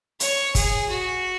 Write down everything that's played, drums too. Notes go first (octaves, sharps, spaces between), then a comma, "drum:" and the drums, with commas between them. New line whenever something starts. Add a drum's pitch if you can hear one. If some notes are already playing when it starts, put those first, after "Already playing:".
C#5, drum: hi-hat
G#4, drum: kick, hi-hat
F#4